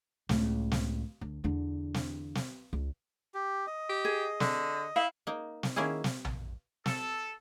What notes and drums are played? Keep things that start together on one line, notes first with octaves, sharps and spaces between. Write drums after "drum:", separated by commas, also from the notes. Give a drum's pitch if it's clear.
C#2 A2, drum: snare
drum: snare
D2
E2 D3
drum: snare
drum: snare
C#2
G4
D#5
G4
G#4
D3, drum: snare
E4 F5
A#3 D#4
drum: snare
D#3 A#3 C#4 E4 G#4
drum: snare
drum: tom
A4, drum: snare